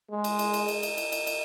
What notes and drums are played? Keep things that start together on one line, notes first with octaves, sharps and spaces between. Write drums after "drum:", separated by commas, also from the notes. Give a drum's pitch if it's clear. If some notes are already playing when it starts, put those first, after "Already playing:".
G#3
drum: cymbal
drum: cymbal
drum: cymbal
drum: cymbal
drum: cymbal
drum: cymbal
drum: cymbal
drum: cymbal